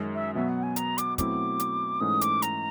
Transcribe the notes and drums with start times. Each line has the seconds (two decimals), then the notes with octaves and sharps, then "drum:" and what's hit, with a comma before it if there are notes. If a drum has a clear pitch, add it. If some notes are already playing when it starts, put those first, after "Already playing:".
Already playing: F#2 D#3 G#3
0.15 E5
0.35 B2 F#3 B3 E5
0.49 F#5
0.63 G#5
0.76 A#5, drum: hi-hat
0.98 D6, drum: hi-hat
1.18 B2 F#3 A3 C4 E4 D6, drum: kick, hi-hat
1.60 drum: hi-hat
2.00 G#2 E3 A3 C#4 D#6
2.21 D6, drum: hi-hat
2.42 A#5, drum: hi-hat